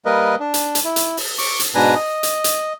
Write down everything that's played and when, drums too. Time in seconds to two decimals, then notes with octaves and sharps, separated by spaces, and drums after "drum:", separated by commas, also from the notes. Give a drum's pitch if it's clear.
0.05 G3 A#3 A#4 B4 D#5
0.40 D4
0.54 drum: hi-hat
0.75 drum: hi-hat
0.85 E4
0.96 drum: hi-hat
1.17 drum: open hi-hat
1.38 C#6 D6, drum: open hi-hat
1.60 drum: hi-hat
1.75 G#2 B2 D4 B4 G#5 A#5
1.95 D#5
2.23 drum: hi-hat
2.44 drum: hi-hat